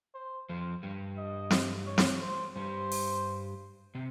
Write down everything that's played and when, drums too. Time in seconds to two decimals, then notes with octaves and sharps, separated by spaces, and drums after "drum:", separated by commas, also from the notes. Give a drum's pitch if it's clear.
0.14 C5
0.49 F2 F3 C5
0.83 G2 G3
1.18 D#5
1.51 drum: snare
1.87 C#5
1.98 drum: snare
2.21 C5
2.56 G2 G3 C5
2.92 drum: open hi-hat
3.95 C3 C4